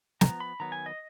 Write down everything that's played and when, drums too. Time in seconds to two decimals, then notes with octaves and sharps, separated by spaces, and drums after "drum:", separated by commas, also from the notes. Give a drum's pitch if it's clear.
0.21 F3 B3 A#5, drum: snare
0.40 B5
0.60 D#3 F#3 B3 A#5
0.72 G#5
0.86 D#5